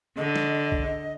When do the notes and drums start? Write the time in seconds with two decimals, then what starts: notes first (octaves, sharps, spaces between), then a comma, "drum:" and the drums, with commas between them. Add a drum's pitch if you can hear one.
0.17 D3 D#5
0.36 drum: snare
0.72 drum: kick C2